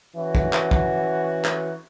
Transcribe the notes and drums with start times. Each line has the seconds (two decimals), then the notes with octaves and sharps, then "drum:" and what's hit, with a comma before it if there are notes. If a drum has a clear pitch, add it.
0.16 E3 C#4 F#4
0.35 drum: kick
0.53 drum: clap
0.71 drum: kick
1.45 drum: clap